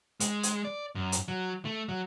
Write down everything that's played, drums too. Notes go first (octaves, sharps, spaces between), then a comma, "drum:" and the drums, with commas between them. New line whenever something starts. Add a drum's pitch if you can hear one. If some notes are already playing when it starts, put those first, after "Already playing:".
G#3, drum: hi-hat
drum: hi-hat
D5
F#2
drum: hi-hat
F#3
A3
F#3